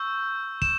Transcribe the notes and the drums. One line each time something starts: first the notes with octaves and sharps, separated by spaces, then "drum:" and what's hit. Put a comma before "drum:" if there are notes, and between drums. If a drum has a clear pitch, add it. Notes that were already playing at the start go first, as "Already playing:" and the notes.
Already playing: C#6 E6 G6
E7, drum: kick